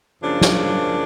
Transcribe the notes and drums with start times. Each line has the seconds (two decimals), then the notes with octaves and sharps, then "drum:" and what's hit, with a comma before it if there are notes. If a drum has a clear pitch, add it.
0.21 F#2 C#3 F3 A#3 D4
0.41 drum: snare